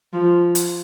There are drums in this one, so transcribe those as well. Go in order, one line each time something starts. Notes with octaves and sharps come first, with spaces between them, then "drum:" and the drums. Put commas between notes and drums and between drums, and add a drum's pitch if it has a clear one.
F3
drum: hi-hat